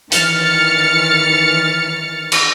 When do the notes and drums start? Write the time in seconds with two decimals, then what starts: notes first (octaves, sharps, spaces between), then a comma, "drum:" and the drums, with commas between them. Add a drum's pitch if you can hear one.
0.12 D#3 E3 F6 A6 C#7, drum: hi-hat
2.32 drum: cymbal